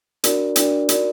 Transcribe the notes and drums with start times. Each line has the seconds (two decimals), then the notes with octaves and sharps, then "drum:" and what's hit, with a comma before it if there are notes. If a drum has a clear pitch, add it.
0.24 D4 F#4 A#4 D5, drum: hi-hat
0.56 D4 F#4 A#4 D5, drum: hi-hat
0.89 D#4 F#4 A#4 D5, drum: hi-hat